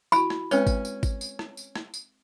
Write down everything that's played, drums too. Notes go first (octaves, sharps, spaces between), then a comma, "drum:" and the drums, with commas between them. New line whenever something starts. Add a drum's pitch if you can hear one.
E4 F#4 B5, drum: tambourine
drum: rim click
G#3 C4 C#4 B4, drum: tambourine
drum: kick G#1, tambourine
drum: tambourine
drum: kick G#1, tambourine
drum: tambourine
drum: rim click
drum: tambourine
drum: rim click
drum: tambourine